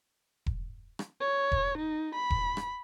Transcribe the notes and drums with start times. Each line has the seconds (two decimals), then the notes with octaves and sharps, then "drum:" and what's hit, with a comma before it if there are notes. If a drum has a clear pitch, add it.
0.46 drum: kick E1
0.99 drum: rim click
1.21 C#5
1.52 drum: kick E1
1.78 D#4
2.15 B5
2.30 drum: kick E1
2.57 drum: rim click